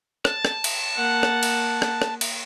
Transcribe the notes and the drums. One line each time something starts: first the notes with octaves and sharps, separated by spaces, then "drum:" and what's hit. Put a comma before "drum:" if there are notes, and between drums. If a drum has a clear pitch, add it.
A5, drum: rim click
drum: rim click
drum: cymbal
A#3 F#5
drum: rim click
drum: cymbal
drum: rim click
drum: rim click
drum: cymbal